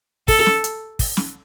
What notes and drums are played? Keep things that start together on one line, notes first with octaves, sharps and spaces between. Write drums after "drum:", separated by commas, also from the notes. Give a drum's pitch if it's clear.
A4, drum: kick, open hi-hat
drum: snare
drum: hi-hat
drum: kick, open hi-hat
drum: snare